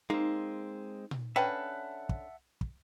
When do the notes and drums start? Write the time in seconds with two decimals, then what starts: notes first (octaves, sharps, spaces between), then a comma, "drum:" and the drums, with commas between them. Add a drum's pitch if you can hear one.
0.10 G#3 A#3 C4 D#4
1.11 drum: tom A#2
1.36 D3 C#4 B4 E5 F#5 G5 A5
2.09 drum: kick
2.61 drum: kick